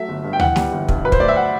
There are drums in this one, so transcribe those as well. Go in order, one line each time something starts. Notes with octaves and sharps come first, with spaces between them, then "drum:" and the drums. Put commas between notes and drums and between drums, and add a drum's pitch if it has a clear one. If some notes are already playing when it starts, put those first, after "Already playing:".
Already playing: F#3 A3 E5
G1
G2
G5
E3 F#5, drum: tom D2
G3, drum: snare
G1
G2, drum: kick
F#3 B4
C5, drum: kick
D2 D5
E5
F#5